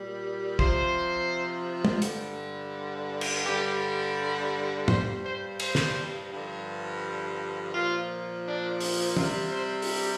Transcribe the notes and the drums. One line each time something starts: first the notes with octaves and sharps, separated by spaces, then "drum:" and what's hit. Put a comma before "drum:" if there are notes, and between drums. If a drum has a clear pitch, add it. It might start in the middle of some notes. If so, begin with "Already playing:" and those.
Already playing: A#2 G3
C3 F3 C5, drum: kick
drum: tom
G2 D3 G3, drum: hi-hat
drum: cymbal
G2 D3 G3 G4
G2 G3 C5, drum: tom
C5
C5, drum: cymbal
drum: snare
G2 D3 F3
A#2 F3 F4
D4
drum: open hi-hat
C3 G3 F4, drum: tom
C5
drum: open hi-hat